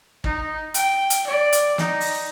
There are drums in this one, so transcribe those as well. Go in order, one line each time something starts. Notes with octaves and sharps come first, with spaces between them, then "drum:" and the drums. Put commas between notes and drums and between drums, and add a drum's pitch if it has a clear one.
D#4, drum: kick
G5, drum: hi-hat
drum: hi-hat
D5
drum: hi-hat
D#4, drum: snare
drum: open hi-hat